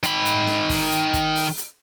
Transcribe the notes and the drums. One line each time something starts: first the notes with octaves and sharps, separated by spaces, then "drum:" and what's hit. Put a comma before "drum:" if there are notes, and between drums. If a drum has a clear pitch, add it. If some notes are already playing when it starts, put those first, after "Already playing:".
D#3 B5, drum: hi-hat
drum: hi-hat
drum: snare
drum: kick, open hi-hat
drum: hi-hat
drum: kick, hi-hat
drum: open hi-hat
drum: hi-hat